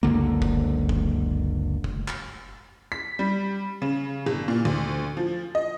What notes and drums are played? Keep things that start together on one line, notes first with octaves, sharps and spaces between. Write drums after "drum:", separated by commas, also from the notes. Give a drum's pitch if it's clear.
F#1 C#2 D3 A#3
drum: kick F1
drum: kick F1
drum: kick F1
drum: clap
B6
G3
C#3
G1
A#2
D2
F3
D#5